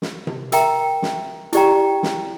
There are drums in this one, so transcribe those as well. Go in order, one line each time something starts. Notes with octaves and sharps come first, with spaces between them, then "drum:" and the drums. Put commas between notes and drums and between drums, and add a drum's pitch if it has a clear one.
drum: snare
drum: tom C3
A#4 E5 G5 A#5, drum: hi-hat
drum: snare
E4 G4 D5 G5 A#5, drum: hi-hat
drum: snare